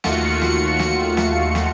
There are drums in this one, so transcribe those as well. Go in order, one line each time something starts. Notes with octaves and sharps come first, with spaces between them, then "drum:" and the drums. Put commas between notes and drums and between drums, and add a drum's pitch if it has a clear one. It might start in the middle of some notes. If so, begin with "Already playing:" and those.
D#2 A3 F4 F#4 C#7, drum: snare
drum: snare
drum: snare
drum: snare
drum: snare